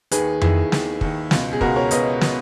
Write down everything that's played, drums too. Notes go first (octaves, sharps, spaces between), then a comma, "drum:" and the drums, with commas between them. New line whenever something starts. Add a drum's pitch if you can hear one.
D#2 D#3 G#4 B4, drum: hi-hat
D#2 D#3 E4 G#4, drum: tom F2
D#2 D#3, drum: snare
D#2 D#3, drum: kick
C#2 B2, drum: snare
G#4
C#2 B2 F#4 A#4, drum: kick
A#4 C#5
C#2 B2 B4 D#5, drum: hi-hat
B2, drum: snare